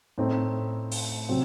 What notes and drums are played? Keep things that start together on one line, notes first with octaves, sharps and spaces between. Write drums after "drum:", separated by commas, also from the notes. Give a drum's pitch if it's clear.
A2 A3 C4 D#4
drum: open hi-hat
C3 F#3 C4